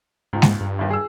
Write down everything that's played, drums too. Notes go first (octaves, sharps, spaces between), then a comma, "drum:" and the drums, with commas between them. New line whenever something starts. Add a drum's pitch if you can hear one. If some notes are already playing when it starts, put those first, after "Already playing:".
C#2 G#2
drum: snare G#3
G2
G1 D#2
G#4 E6